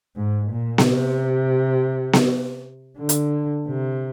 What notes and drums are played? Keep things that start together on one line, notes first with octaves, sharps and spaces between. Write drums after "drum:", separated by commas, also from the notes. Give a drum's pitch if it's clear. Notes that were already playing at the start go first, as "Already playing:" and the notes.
G#2
A#2
drum: snare B3
C3
drum: snare B3
D3
drum: hi-hat
C3